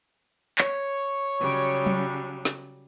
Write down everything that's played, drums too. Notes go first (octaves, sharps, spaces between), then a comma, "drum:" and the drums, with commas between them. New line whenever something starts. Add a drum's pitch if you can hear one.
C#5, drum: clap
C#3 F#3 G3
drum: tom F#3
drum: snare